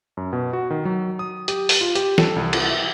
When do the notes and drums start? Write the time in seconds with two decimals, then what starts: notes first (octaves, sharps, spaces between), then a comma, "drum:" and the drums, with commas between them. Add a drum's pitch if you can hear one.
0.17 F#2
0.33 B2
0.53 F#4
0.70 D#3
0.85 F#3
1.19 D#6
1.48 G4, drum: hi-hat
1.69 drum: open hi-hat
1.81 F4
1.95 G4, drum: hi-hat
2.18 A4, drum: snare
2.36 C2
2.53 drum: cymbal
2.70 E5